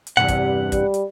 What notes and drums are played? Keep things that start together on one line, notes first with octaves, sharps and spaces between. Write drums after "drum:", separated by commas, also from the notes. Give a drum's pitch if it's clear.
drum: hi-hat
E2 G2 C3 F#5
drum: kick, hi-hat
G3, drum: kick, hi-hat
drum: hi-hat